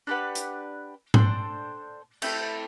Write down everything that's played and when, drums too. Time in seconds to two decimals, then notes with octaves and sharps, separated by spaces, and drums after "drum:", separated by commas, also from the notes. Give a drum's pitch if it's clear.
0.07 D4 G4 B4 F#5
0.35 drum: hi-hat
1.14 D4 A4 C5 G5, drum: tom G#2
2.22 A3 C4 E4 A4, drum: cymbal